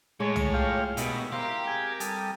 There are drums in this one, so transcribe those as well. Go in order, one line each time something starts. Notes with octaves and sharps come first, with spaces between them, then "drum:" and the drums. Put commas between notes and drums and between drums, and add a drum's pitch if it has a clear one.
A2 G#3 C#5
drum: tom
F4 G4 F5
G2 B2 D#3 E4 B5, drum: hi-hat
C4 G4 A#4 D#5 F5
G#4 G#5
G3 A4 D#6, drum: hi-hat